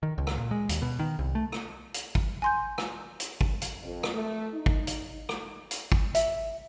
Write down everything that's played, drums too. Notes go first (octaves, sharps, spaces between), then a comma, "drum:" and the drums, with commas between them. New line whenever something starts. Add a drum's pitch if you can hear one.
D#3
C#2
drum: rim click
A#2
G#3
D#2, drum: hi-hat
B2
D#3
C2
A3
drum: rim click
drum: hi-hat
drum: kick
G#5 C6 G6
drum: rim click
drum: hi-hat
drum: kick
drum: hi-hat
F2
drum: rim click
A3
D#4
drum: kick
drum: hi-hat
drum: rim click
drum: hi-hat
drum: kick
E5, drum: hi-hat